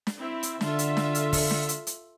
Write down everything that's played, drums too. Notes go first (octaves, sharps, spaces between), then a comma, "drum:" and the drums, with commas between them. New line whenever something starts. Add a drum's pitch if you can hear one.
drum: snare
C4 E4 E5
drum: hi-hat
D3 F4 A4 E5, drum: snare
drum: hi-hat
drum: snare
drum: hi-hat
drum: kick, open hi-hat
drum: snare
drum: hi-hat
drum: hi-hat